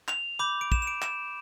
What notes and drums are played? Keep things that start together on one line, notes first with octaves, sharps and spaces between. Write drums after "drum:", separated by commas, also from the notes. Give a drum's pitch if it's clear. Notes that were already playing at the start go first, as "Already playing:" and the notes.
F7, drum: clap
B5 D6 G6
D7
E7, drum: kick
E7
D7
E7, drum: clap